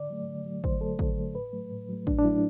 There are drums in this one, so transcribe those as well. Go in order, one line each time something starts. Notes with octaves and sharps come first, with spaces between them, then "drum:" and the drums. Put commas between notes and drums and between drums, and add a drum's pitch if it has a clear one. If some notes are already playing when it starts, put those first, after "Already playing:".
Already playing: D3 D5
F#3 A3
D3
F#3 A3
D3 C5, drum: kick
F#3 A3 A4
D3, drum: kick
F#3 A3
A2 B4
F#3 A3
A2
F#3 A3
A2 D4, drum: kick
D4
F#3 A3 E4